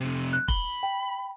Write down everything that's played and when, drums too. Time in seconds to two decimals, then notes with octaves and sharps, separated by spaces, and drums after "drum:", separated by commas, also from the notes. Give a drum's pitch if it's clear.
0.01 F2 C3
0.33 F#6
0.48 B5 G7, drum: kick
0.83 G5